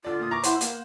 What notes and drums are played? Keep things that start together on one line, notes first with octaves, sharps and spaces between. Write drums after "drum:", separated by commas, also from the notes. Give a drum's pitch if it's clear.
D3 F4 D5
A#2 D#6
A#5 C#6 D6
E4 C5 F#5 C6, drum: hi-hat
A#3, drum: hi-hat